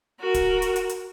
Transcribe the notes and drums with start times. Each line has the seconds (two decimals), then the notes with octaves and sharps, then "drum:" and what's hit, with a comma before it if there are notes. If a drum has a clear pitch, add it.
0.21 F#4 A#4
0.34 drum: kick, hi-hat
0.62 drum: hi-hat
0.76 drum: hi-hat
0.89 drum: hi-hat